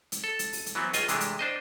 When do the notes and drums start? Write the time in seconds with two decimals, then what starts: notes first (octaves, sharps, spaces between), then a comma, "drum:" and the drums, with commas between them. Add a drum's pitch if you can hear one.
0.12 drum: hi-hat
0.24 A4
0.39 drum: hi-hat
0.53 drum: open hi-hat
0.66 drum: hi-hat
0.75 E3 F#3 B3 C4
0.93 C#2 F4 D#5 G#5, drum: hi-hat
1.08 C3 E3 G#3 A3 D4, drum: hi-hat
1.20 drum: hi-hat
1.39 D4 C5 D#5